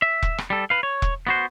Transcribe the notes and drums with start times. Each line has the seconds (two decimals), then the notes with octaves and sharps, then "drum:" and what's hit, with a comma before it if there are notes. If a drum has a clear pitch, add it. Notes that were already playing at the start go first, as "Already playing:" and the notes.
0.02 E5
0.22 drum: kick E1
0.38 drum: rim click
0.50 G3 A4
0.70 B4 F5
0.83 C#5
1.02 drum: kick E1
1.27 B3 F#4 C5